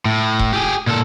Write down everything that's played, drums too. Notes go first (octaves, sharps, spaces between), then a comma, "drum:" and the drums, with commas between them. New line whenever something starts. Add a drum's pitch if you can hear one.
A2
drum: kick D#1
G4 G#4
A#2 A4